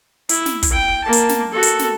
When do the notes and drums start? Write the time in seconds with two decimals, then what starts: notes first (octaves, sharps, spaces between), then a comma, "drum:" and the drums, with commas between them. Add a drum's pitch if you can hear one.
0.29 E4, drum: hi-hat
0.46 drum: snare
0.63 drum: kick, hi-hat
0.72 G5
1.04 A#3 A5
1.13 drum: hi-hat
1.29 drum: snare
1.51 F#4 A4
1.63 drum: hi-hat
1.79 drum: snare